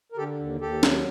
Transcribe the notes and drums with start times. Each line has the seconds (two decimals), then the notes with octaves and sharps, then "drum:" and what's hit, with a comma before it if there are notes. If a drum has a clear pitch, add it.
0.12 A#4
0.17 D3 G4 A4
0.39 D#2
0.61 D#2 G4 A4
0.83 F#3, drum: snare